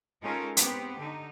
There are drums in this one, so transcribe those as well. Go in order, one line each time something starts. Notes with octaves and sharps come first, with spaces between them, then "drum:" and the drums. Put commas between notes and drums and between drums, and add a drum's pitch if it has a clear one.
G#3 C#4 D#4 F4 A4 A#4
B3 C4 G4, drum: hi-hat
D3 D#4